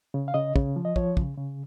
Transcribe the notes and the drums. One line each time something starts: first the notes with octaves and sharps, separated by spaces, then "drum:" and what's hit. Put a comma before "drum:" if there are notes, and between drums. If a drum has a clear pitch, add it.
C#3
F5
C#3 D#5
C#3, drum: kick
F3
D#5
F3 C#5, drum: kick
C#3, drum: kick
C#3